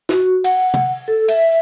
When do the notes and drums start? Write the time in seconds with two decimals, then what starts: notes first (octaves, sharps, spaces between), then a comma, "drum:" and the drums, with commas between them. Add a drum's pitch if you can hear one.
0.09 F#4, drum: snare
0.44 F#5, drum: cymbal
0.74 drum: tom C3
1.08 A4
1.28 E5, drum: cymbal